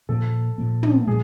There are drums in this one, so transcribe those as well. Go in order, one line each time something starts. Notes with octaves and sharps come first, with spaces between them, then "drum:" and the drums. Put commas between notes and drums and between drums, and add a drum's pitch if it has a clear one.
A#2 F3 A#3 A4
A#2 F3 A#3
drum: tom
A#2 F3 G#4